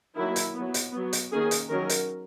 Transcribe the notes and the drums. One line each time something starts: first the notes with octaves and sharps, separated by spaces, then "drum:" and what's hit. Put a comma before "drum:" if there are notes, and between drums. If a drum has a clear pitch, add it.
D#3 F#3 A#3 E4
drum: hi-hat
F#3 B3
drum: hi-hat
F#3 B3
drum: hi-hat
D#3 A#3 C#4 G#4
drum: hi-hat
D#3 F#3 C#4 A#4
drum: hi-hat